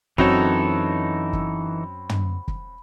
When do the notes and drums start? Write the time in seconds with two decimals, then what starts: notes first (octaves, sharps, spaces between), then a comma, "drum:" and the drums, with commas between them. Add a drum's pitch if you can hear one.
0.18 F#2 E3 C4 D#4 F#4 A4 C#5 B5, drum: kick
1.33 drum: kick
2.09 drum: tom
2.48 drum: kick